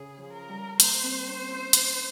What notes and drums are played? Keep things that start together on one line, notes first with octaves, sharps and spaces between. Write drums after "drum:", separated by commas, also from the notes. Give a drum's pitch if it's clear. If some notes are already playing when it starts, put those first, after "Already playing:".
Already playing: C#3 G#4
F3
A#4
G3
A#3 C5, drum: hi-hat
C4
C#4
E4
drum: hi-hat